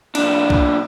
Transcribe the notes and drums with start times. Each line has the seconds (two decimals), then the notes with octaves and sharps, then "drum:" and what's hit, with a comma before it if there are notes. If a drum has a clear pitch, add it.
0.15 B1 D4, drum: cymbal
0.50 drum: kick